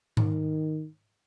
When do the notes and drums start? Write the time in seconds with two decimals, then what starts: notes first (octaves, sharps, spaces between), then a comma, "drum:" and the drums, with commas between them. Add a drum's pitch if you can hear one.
0.17 D#3, drum: tom G#2